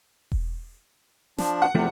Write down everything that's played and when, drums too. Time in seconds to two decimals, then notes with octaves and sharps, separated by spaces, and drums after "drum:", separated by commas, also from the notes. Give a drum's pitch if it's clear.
0.32 drum: kick E1
1.38 F3 D4, drum: snare
1.62 F#5
1.75 E2 C3 F3 A3 C4